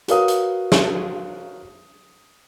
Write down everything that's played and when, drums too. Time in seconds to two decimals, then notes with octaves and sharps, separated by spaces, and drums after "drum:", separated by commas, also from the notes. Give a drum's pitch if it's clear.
0.08 F#4 A#4 B4 C#5 F5 D#6, drum: hi-hat
0.28 drum: hi-hat
0.72 drum: snare